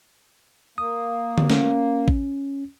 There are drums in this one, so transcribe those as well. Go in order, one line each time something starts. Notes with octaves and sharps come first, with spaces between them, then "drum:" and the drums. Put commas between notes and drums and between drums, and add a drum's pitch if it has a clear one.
A#3 D#6
drum: tom D3
C#4, drum: snare
drum: kick A1